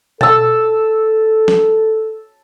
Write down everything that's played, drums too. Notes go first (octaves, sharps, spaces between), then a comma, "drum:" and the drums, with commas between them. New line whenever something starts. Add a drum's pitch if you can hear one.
A4 A5 E6, drum: tom B2
drum: snare